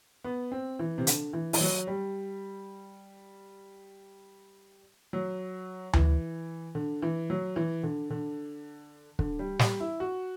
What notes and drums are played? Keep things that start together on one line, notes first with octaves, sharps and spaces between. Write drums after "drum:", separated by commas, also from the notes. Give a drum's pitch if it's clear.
B3
C4
E3
C3
D3, drum: hi-hat
E3
E3, drum: open hi-hat
F#3
G3
F#3
E3, drum: tom D2
D3
E3
F#3
E3
D3
D3
D3, drum: kick
G3
G3, drum: snare
E4
F#4